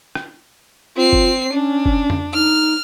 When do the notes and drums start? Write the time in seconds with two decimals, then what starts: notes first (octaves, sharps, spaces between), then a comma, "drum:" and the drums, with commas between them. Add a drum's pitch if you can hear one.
0.15 drum: rim click
0.97 C4 F4 C7
1.13 drum: kick F#1
1.52 C#4 D4
1.86 drum: kick F#1
2.10 drum: tom F2
2.34 D#4 F6